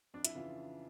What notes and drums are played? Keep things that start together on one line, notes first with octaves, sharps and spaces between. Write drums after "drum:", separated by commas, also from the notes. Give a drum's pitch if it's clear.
F2 D4
E4, drum: hi-hat
C#3 E3 F4